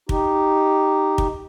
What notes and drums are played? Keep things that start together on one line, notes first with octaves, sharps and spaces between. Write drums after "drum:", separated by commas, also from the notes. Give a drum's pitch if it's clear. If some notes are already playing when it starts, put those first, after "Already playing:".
D#4 G4, drum: kick
drum: kick